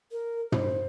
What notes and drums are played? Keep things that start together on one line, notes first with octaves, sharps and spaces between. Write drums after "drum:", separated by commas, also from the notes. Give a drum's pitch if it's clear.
A#4
C5, drum: tom